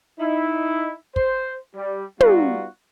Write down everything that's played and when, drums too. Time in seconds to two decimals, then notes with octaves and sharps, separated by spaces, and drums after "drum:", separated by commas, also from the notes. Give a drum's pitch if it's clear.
0.20 D#4 E4
1.16 C5, drum: kick
1.76 G3
2.20 G3 B3 D#4 F4 F#4, drum: tom